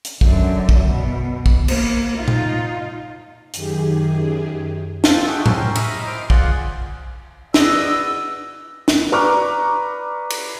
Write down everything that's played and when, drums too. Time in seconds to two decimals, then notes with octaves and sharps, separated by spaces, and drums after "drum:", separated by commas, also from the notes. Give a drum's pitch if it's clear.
0.04 drum: hi-hat
0.21 F#2 D3, drum: kick
0.69 drum: kick
0.86 B2
1.46 drum: kick
1.68 A#3, drum: cymbal
2.18 D#4 F4
2.28 drum: tom A#2
3.53 F#2 D#3 G4 G#4, drum: hi-hat
5.04 C4 F4 G4 A4 F5, drum: snare
5.27 G#3 F#4 G#4 A4 E5 G5
5.46 C#4 G4 A#4 C5, drum: tom A2
5.75 D#5 E5 A#5 B5 D#6 F6, drum: cymbal
6.07 C5 D#5 D6 F6
6.30 F4 G#4 C5 D5 F#5, drum: kick
7.54 F#4 G#4 B4 D5 D#5 E6, drum: snare
8.88 drum: snare
9.12 B4 D5 A#5 C#6 D6 F6
10.30 drum: cymbal